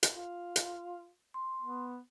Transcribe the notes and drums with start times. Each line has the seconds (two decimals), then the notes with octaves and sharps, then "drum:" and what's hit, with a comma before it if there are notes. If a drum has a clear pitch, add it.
0.03 drum: hi-hat
0.12 F4
0.56 drum: hi-hat
1.34 C6
1.62 B3